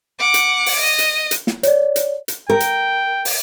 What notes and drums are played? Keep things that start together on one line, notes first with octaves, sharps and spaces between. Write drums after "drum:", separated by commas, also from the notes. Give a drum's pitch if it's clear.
F#5 D6
drum: hi-hat
drum: open hi-hat
D#5
drum: hi-hat
drum: hi-hat
drum: snare
C#5 D5, drum: hi-hat
drum: hi-hat
drum: hi-hat
A#4 G5
drum: hi-hat
drum: open hi-hat